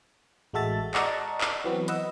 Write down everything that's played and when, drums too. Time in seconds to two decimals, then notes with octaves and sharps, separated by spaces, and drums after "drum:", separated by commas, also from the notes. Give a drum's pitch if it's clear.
0.53 A1 G#3 F#4 A4 E5 A6
0.94 D5 D#5 F#5 A5 A#5 C#6, drum: clap
1.41 drum: clap
1.64 E3 F#3 B3 C4
1.88 B4 D#5 F#5 E6, drum: hi-hat